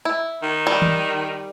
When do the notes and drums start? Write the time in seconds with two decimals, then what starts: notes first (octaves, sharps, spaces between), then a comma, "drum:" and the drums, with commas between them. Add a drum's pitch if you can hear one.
0.05 E4
0.43 D#3
0.67 G3
0.82 drum: tom D#3